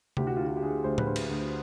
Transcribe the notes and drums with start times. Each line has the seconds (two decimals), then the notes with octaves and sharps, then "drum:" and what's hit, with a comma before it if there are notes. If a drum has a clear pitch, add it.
0.17 D2 G4, drum: tom C3
0.27 F#4
0.37 D3 F4
0.46 F#4
0.57 G4
0.62 D3 G#4
0.84 D2 C5
0.98 B4, drum: tom A2
1.07 D3 C5
1.16 drum: cymbal
1.30 D2